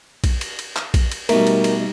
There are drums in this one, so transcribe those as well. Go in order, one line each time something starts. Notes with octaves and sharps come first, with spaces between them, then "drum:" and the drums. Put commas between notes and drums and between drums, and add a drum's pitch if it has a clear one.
drum: kick A#1, cymbal
drum: cymbal
drum: cymbal
drum: clap
drum: kick A#1, cymbal
drum: cymbal
B2 G3 A3 D#4 A#4, drum: cymbal
drum: cymbal
drum: cymbal